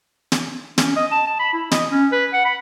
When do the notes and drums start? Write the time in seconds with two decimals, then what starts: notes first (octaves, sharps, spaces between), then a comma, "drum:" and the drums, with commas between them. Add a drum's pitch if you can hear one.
0.32 drum: snare
0.78 C#4, drum: snare
0.96 D#5
1.11 A5
1.27 A5
1.40 B5
1.53 E4
1.71 D#5, drum: snare
1.91 C#4
2.12 B4
2.33 F#5
2.45 B5